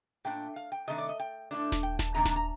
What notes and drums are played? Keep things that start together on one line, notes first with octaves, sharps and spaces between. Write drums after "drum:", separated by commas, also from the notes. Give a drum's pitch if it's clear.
A#2 A3 D4 G5
F5
G5
C3 D#3 A3 D4 D#5
D5
D#5
G5
A2 A3 D4
drum: snare D#1
G5
A5, drum: snare D#1
C3 D#3 A#3 D4 A#5
A5, drum: snare D#1
A#5